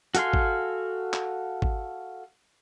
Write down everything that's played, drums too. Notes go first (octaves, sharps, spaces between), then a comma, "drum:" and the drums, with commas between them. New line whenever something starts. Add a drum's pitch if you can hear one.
F#4 A4 F5 G#5 C6, drum: hi-hat
drum: kick
drum: clap
drum: kick